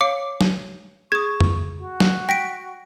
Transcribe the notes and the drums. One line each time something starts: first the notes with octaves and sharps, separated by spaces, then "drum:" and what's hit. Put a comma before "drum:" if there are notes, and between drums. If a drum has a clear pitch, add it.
C#5 F5 D6 C#7
drum: snare
G#4 C#6 D#6 G#6
drum: tom F2
F#4
drum: snare
G5 A#6 B6 D7